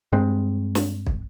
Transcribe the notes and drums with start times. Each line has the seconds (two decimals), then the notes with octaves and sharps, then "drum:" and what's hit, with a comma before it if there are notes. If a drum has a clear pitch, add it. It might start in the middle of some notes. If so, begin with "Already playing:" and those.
0.12 G2 G#3 C4
0.75 drum: snare
1.07 drum: kick